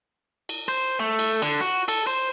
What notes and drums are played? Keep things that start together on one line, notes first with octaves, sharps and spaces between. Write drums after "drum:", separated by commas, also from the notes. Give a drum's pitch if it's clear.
drum: cymbal
C5
A3
drum: cymbal
D3, drum: cymbal
F#4
A4, drum: cymbal
C5